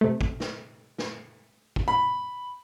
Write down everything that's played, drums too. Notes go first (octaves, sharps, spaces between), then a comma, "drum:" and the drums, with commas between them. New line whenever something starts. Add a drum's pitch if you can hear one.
C3 A3
drum: kick
drum: snare
drum: snare
drum: kick
B5